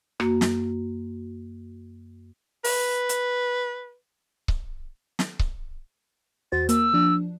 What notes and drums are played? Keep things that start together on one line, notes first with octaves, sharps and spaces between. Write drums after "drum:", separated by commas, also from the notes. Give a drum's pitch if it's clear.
F#2 A#3 F#4, drum: rim click
drum: snare
B4, drum: open hi-hat
drum: hi-hat
drum: kick C#1
drum: snare
drum: kick C#1
E2 F#4 C5 A6
A#3 E6, drum: hi-hat
F3 D4